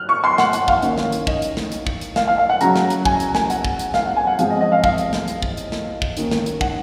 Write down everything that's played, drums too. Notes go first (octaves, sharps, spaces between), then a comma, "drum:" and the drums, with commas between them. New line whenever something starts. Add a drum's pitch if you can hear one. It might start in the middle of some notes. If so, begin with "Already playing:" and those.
Already playing: F6 F#6
C#6
C6
F#5, drum: snare
F#5, drum: hi-hat
F5, drum: kick
D#3 A#3 C#4 F5, drum: hi-hat
drum: snare
drum: hi-hat
D#5, drum: kick
drum: hi-hat
drum: snare
drum: hi-hat
drum: kick
drum: hi-hat
F5, drum: snare
F5
F5
F#5
C#3 F#3 C#4 A#5, drum: hi-hat
drum: snare
drum: hi-hat
G#5, drum: kick
drum: hi-hat
G#5, drum: snare
F#5, drum: hi-hat
drum: kick
drum: hi-hat
F5, drum: snare
F#5
G#5
F#5
F3 G#3 C4 F5, drum: hi-hat
D#5
D#5
F5
F5, drum: kick
drum: hi-hat
drum: snare
drum: hi-hat
drum: kick
drum: hi-hat
drum: snare
drum: kick
D#3 A#3 C#4, drum: hi-hat
drum: snare
drum: hi-hat
F#5, drum: kick